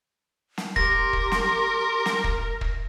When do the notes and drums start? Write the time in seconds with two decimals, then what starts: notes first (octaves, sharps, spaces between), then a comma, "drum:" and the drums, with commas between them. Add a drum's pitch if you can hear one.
0.58 drum: snare
0.76 G4 A#4 C6 A#6, drum: kick
1.13 drum: kick
1.32 drum: snare
2.06 drum: snare
2.24 drum: kick
2.61 drum: kick